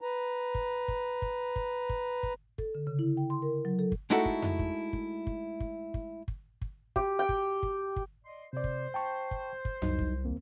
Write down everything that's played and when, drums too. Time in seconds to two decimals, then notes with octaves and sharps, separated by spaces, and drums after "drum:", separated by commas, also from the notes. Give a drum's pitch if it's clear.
0.01 B4 A#5
0.55 drum: kick
0.88 drum: kick
1.22 drum: kick
1.56 drum: kick
1.89 drum: kick
2.23 drum: kick
2.58 A4, drum: kick
2.75 D3
2.87 C#3
2.99 E4
3.17 G5
3.30 C6
3.42 A#4
3.65 F#3
3.79 A4
3.92 drum: kick
4.10 G#3 A3 D#4 E4 F#4 A4
4.25 drum: kick
4.42 drum: tom F2
4.59 drum: kick
4.93 drum: kick
5.27 drum: kick
5.60 drum: kick
5.94 drum: kick
6.28 drum: kick
6.61 drum: kick
6.96 G4, drum: kick
7.19 G5
7.29 drum: kick
7.63 drum: kick
7.96 drum: kick
8.25 D5 D#5 C6
8.53 C3 C5 D5
8.64 drum: kick
8.94 G5 A5 C#6
9.31 drum: kick
9.65 drum: kick
9.82 C2 F#3 D#4, drum: tom F2
9.99 drum: kick
10.25 D#2 A#3 C4